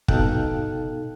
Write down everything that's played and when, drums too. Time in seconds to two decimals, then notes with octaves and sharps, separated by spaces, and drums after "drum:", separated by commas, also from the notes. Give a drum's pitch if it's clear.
0.08 B2 D#4 A4 F5 G5 F#6, drum: kick